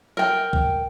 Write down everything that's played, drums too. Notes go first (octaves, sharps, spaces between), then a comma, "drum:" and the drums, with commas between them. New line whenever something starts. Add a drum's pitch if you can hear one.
A#4 G5
drum: kick